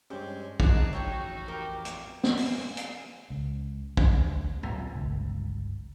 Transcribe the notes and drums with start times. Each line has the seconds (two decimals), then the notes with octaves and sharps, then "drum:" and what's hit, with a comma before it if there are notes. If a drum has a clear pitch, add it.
0.10 G2 G3 G#3 C#4 G4 C5
0.60 D#4 F#4 G#4 D5 A5 F#6, drum: kick
0.93 A1 F2 D#4 F#4 C#5 E5 G5 C#6
1.48 G4 A#4
1.85 drum: hi-hat
2.24 drum: snare
2.37 drum: open hi-hat
2.77 drum: hi-hat
3.30 C#2
3.97 D2, drum: kick
4.63 drum: tom A2
4.95 G1 C#2